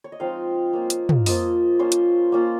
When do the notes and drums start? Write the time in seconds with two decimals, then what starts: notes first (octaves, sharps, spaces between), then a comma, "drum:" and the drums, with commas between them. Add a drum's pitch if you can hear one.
0.04 C#5
0.12 D#5
0.20 F3 G#3 C4 D#4 F5
0.73 A#3 C#4 F4
0.90 drum: hi-hat
1.09 drum: tom
1.26 F3 A#3 F4 D#5, drum: open hi-hat
1.79 A#3 C#4 F4 C5
1.92 drum: hi-hat
2.32 A#3 C#4 F4